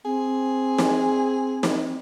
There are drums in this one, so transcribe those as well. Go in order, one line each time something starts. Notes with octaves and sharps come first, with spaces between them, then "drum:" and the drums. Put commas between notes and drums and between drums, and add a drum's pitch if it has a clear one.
C4 G#4
drum: snare
drum: snare